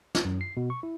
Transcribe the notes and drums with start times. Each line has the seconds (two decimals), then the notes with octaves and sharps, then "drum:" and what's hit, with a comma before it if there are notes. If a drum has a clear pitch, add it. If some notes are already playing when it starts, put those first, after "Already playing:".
0.15 drum: snare
0.25 F#2
0.41 C7
0.57 B2
0.70 C#6
0.83 E4